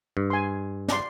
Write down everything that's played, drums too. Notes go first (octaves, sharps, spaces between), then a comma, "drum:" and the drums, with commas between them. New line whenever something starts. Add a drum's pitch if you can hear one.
G2
G#5 C6
D5 C6, drum: snare